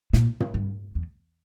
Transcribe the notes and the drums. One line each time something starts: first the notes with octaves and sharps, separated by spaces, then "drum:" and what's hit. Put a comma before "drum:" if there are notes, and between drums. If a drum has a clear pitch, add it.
A#2, drum: snare
drum: tom
G2
E2